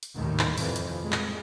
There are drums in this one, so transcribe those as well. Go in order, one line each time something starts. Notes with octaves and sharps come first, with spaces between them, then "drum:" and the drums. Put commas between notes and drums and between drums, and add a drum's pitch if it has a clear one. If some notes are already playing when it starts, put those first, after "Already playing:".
drum: hi-hat
A1 D#2 A2 C3 D#3 G3
drum: clap
F2 E3, drum: open hi-hat
drum: hi-hat
A#2 G3 G#3
drum: clap